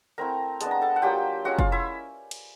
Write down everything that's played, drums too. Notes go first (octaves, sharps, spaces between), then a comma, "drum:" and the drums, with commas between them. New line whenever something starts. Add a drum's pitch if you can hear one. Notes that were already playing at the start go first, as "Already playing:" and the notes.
A3 C4 E4 A#4 A#5
G#3 B3 D4 A5, drum: hi-hat
A#5
A4 A5
F#5
F#3 A#3 D4 F4 G4 G5
G#3 C#4 F4 F#4 F#5
F4 F5, drum: kick
E4 E5
drum: cymbal